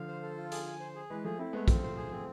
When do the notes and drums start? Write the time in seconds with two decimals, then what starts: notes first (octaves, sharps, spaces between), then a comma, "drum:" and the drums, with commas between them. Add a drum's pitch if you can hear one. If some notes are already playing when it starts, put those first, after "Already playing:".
Already playing: D3 F3 F5
0.08 C5
0.22 A4
0.37 F4
0.52 G#4, drum: hi-hat
0.66 G#5
0.80 C5
0.95 G#4
1.10 E3 G#3 B4
1.25 F3 A3 G#4
1.39 A3 C4 E4
1.53 G#3 A3 B3
1.68 F3 A3 C4, drum: kick A#1, hi-hat
1.83 C5
1.97 G#4
2.12 C4